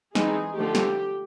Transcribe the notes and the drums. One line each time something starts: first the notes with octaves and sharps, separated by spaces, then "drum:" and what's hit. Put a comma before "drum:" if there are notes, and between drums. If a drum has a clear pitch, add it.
E3 G#3 C4 D#4 G#4, drum: snare
D3 F3 A3 G4
drum: snare